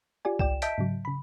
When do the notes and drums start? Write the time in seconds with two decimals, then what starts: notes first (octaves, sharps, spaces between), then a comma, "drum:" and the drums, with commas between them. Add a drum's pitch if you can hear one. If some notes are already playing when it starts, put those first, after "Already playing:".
0.25 F4 G4 D5 G#5
0.39 G#1 D5 G5 E7, drum: kick C2
0.62 D#5 E5 A5 G6 B6 D7, drum: hi-hat
0.78 G#2 C#3 F#3
1.05 C#3 B5